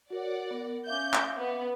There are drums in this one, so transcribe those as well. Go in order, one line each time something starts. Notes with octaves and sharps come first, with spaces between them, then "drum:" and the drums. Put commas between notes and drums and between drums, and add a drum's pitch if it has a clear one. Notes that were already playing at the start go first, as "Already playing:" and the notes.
F#4 A#4 C#5 D5 F#5
B3 A#4
C#4 E5 F5 D6 G6
drum: clap
B3